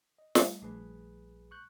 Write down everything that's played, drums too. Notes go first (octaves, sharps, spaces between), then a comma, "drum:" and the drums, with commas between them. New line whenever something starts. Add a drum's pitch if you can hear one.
D#5
G3 A3 D#5, drum: snare
A#1 A#2 A3 G#4 B4
C#6 F#6 G6